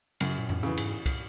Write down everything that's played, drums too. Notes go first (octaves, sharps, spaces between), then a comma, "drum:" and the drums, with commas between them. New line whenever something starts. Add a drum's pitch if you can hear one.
F#2 C#3, drum: cymbal
A#2
A2, drum: tom F2
C#3 E3
G#2, drum: cymbal
drum: kick, cymbal